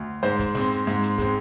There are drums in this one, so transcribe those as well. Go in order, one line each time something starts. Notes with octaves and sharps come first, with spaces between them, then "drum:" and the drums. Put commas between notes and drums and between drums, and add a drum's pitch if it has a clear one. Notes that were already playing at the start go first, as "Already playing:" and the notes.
Already playing: D2
G#2 C5, drum: hi-hat
drum: kick, hi-hat
G#3 C4, drum: snare
drum: hi-hat
G#2, drum: hi-hat
drum: hi-hat
G#3 C4, drum: kick, hi-hat